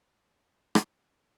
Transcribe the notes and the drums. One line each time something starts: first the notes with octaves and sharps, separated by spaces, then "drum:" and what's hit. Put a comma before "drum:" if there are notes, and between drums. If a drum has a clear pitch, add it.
C#3
drum: rim click